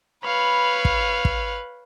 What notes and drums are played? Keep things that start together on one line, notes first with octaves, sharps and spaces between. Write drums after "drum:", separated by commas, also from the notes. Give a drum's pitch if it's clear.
B4 C#5 F5 B5
drum: kick
drum: kick